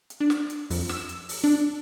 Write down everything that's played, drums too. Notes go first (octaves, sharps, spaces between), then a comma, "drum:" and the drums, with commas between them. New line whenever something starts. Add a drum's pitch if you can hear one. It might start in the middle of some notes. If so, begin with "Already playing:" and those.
drum: hi-hat
D4
drum: snare
drum: hi-hat
F2, drum: open hi-hat
E6, drum: snare
drum: hi-hat
drum: open hi-hat
D4